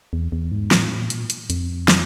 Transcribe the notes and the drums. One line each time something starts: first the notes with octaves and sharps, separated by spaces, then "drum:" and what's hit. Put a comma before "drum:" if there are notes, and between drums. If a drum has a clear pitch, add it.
E2
E2
G#2
A2, drum: snare
A#2
drum: hi-hat
drum: hi-hat
F2, drum: hi-hat
drum: snare